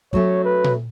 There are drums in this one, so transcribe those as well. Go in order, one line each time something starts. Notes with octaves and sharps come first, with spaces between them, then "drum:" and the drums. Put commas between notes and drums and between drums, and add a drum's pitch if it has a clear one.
F#3 A3 C#4 C#5, drum: kick
B4
drum: tom A#2